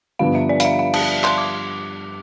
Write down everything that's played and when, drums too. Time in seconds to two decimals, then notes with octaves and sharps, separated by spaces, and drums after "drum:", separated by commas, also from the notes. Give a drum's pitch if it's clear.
0.19 G2 D3 F3 B3 D4 F5
0.35 E5
0.49 D5
0.60 F5, drum: hi-hat
0.65 E5
0.79 F5
0.94 A5, drum: cymbal
1.24 C6, drum: clap
1.38 D6